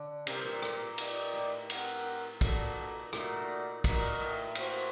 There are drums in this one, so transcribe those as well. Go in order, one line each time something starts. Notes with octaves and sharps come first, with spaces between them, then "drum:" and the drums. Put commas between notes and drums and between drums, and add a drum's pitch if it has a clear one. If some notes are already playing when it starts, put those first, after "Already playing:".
Already playing: D3
C3 G3 C4 G4 A#4, drum: cymbal
A#2
drum: rim click
D#4 G4 D5, drum: cymbal
A2
C4 G4 A#4 F#5, drum: cymbal
A#2 A#3 D#4 F#4 A4, drum: kick, cymbal
A#2 A3 D#4 F#4 A#4 D5, drum: rim click
A#2 D#4 F#4 A#4, drum: kick, cymbal
A2
A#3 F#4 C5, drum: cymbal